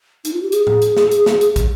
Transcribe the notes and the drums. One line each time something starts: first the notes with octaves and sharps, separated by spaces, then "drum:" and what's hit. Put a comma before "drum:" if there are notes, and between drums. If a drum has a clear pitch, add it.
D#4, drum: hi-hat
F4
G4
G#4, drum: hi-hat
drum: tom A2
drum: hi-hat
drum: snare
drum: hi-hat
drum: snare
drum: hi-hat
drum: kick, hi-hat